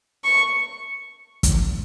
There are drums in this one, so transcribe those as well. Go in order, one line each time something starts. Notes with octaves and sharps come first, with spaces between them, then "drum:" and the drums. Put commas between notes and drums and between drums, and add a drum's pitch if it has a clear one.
C#6
drum: kick, hi-hat